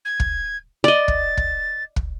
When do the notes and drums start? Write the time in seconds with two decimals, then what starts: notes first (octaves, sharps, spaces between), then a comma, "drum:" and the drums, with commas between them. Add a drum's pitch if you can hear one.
0.05 G#6
0.20 drum: kick
0.84 D5 D#5 A6
1.08 drum: kick
1.37 drum: kick
1.96 drum: kick